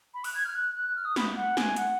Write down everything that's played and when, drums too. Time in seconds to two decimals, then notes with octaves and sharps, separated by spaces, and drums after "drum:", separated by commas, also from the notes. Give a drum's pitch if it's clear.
0.14 B5
0.24 F#6, drum: open hi-hat
0.35 G#6
0.45 F6
0.55 F#6
0.75 F#6
0.96 F6
1.05 D#6
1.16 B5, drum: snare
1.36 F#5
1.57 G#5, drum: snare
1.76 F#5, drum: hi-hat